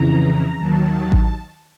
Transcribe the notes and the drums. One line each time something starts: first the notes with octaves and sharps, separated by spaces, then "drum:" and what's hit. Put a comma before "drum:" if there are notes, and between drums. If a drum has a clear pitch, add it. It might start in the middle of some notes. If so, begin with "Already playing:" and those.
Already playing: F2 C#3 E3 A#5
D#2 D#3 F#3 A5
drum: kick A1